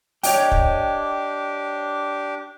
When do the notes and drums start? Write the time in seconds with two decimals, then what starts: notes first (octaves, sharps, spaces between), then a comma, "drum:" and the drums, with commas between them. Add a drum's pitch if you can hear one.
0.23 D4 G4 C#5 D#5 G5, drum: open hi-hat
0.52 drum: kick